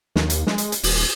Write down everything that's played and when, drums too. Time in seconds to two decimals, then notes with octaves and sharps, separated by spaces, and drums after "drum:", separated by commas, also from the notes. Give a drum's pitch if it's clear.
0.16 D#2, drum: snare
0.30 drum: hi-hat
0.47 G#3, drum: snare
0.58 drum: hi-hat
0.72 drum: hi-hat
0.83 D#1, drum: open hi-hat